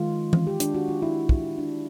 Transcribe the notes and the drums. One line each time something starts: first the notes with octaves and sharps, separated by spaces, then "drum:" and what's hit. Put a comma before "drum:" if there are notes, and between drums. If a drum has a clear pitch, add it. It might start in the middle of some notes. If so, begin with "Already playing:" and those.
Already playing: D#3 G#3 F4
drum: tom E3
G4
D4, drum: hi-hat
F#4
F4
E4
drum: kick
D4